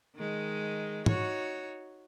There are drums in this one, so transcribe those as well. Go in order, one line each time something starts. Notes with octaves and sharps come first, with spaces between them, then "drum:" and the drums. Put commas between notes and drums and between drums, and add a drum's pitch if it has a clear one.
D#3 G#3
D#4 F#4 C#5, drum: tom